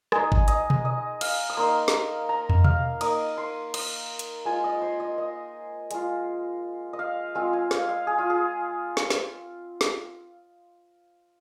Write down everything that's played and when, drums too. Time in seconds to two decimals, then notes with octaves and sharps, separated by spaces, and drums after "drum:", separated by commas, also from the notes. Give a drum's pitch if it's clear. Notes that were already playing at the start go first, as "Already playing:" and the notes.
0.12 G#3 D#4 G#4, drum: rim click
0.32 drum: kick G#1
0.48 D#5, drum: hi-hat
0.70 drum: tom B2
0.85 D#5
1.21 F5, drum: cymbal
1.50 D#6
1.57 A#3 D#4 C6
1.88 drum: snare
2.29 A#5
2.49 drum: tom
2.64 F5, drum: tom B2
3.01 A#3 D#4 D#6, drum: cymbal
3.38 C6
3.74 D#6, drum: cymbal
4.19 drum: hi-hat
4.45 G#3 F4 G#5
4.64 D#5
4.82 C5
5.00 D#5
5.18 D#5
5.91 G#3 F4, drum: hi-hat
6.93 D#5
6.99 F5
7.35 G#3 C4 F4
7.53 G#5
7.71 F5, drum: snare
7.89 F5
8.07 G#4
8.18 F4
8.30 G#4
8.97 drum: snare
9.10 drum: snare
9.81 drum: snare